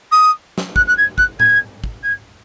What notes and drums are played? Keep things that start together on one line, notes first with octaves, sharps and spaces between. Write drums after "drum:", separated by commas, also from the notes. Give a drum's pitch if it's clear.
D#6
drum: snare
F#6, drum: kick
F#6
G#6
F#6, drum: kick
G#6, drum: tom A2
drum: kick
G#6